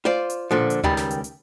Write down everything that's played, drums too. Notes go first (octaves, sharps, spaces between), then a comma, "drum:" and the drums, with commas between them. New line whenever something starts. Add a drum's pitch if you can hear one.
F4 C5 D5
drum: hi-hat
A#2 D3 F3
drum: hi-hat
C#2 D#3 G3 B5, drum: tom D2
drum: snare
drum: hi-hat
drum: hi-hat